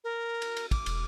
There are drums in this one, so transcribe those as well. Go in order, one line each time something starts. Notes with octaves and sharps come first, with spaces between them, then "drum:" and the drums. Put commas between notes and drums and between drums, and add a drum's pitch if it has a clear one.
A#4
drum: cymbal
drum: cymbal
D6, drum: kick, cymbal
E1, drum: cymbal